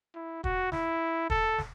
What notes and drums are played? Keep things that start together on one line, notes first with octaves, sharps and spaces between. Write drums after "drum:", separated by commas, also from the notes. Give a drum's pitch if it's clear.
E4
F#4, drum: kick
E4, drum: snare
A4, drum: kick
drum: snare